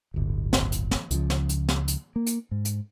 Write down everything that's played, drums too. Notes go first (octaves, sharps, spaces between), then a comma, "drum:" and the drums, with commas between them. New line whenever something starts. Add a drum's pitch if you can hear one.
D1 G1
drum: snare
drum: hi-hat
drum: snare
C#2 C#3 F3, drum: hi-hat
drum: snare
drum: hi-hat
drum: snare
drum: hi-hat
A#3
drum: hi-hat
G#2
drum: hi-hat